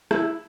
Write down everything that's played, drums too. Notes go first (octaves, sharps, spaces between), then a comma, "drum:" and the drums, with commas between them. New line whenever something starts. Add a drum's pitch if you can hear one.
E4, drum: rim click